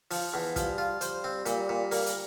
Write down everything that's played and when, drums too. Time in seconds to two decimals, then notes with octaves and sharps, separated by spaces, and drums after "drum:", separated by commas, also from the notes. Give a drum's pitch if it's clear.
0.11 F3, drum: open hi-hat
0.34 E2
0.56 F3 G3, drum: kick, hi-hat
0.78 F4
1.01 G3 C5, drum: hi-hat
1.24 C4
1.46 A#2 G3, drum: hi-hat
1.69 A#2
1.91 A#3, drum: open hi-hat
2.06 drum: hi-hat